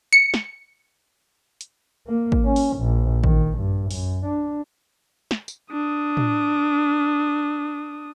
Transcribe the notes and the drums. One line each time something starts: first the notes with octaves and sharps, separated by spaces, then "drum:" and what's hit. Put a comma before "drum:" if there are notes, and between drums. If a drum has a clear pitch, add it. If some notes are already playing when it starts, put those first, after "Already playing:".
C#7
drum: snare
drum: hi-hat
A#3
drum: kick
C#4
drum: open hi-hat
A#1
D#3, drum: kick
G2
F#2, drum: open hi-hat
D4
drum: snare
drum: tambourine
D4 D#6
drum: tom A2